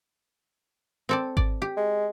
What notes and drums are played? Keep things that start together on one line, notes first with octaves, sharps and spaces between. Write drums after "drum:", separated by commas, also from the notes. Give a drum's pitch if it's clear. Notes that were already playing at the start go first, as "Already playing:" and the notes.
C4 A4 D5
D5, drum: kick G#1
G4
G#3